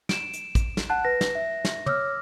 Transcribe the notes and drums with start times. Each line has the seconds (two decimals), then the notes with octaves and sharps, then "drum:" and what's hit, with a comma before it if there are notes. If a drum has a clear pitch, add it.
0.09 D7 E7, drum: snare
0.33 drum: hi-hat
0.55 drum: kick, hi-hat
0.77 drum: snare
0.90 F#5 A5 F#6
1.05 B4 A#6
1.21 drum: snare
1.35 E5
1.65 drum: snare
1.86 C#5 D6 E6 F6, drum: tom